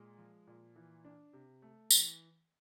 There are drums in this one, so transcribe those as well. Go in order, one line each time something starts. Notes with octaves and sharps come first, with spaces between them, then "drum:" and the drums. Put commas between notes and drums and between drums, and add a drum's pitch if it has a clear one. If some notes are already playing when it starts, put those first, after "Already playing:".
Already playing: A#2 G#3
F3
A#2
E3
D4
C3
A3
E3, drum: tambourine